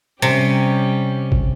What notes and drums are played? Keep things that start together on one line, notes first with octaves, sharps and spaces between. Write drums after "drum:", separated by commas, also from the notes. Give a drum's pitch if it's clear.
C3 G3 C#4 G4
drum: kick G#1